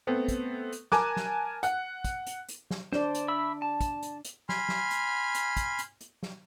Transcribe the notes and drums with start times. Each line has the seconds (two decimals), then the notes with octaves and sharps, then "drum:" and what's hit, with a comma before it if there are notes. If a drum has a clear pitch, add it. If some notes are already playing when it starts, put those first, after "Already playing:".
0.07 A3 B3 C4 A4
0.28 drum: kick, hi-hat
0.72 drum: hi-hat
0.92 A#4 G#5 A5 D6 F#6, drum: snare
1.17 drum: snare
1.63 F#5 F#6, drum: hi-hat
2.05 drum: kick, hi-hat
2.27 drum: hi-hat
2.49 drum: hi-hat
2.71 drum: snare
2.93 D4 C5 D5, drum: snare
3.15 drum: hi-hat
3.28 E5 B5 E6
3.62 A5
3.81 drum: kick, hi-hat
4.03 drum: hi-hat
4.25 drum: hi-hat
4.49 G#5 B5 C6 F6, drum: snare
4.69 drum: snare
4.91 drum: hi-hat
5.35 drum: hi-hat
5.57 drum: kick, hi-hat
5.79 drum: hi-hat
6.01 drum: hi-hat
6.23 drum: snare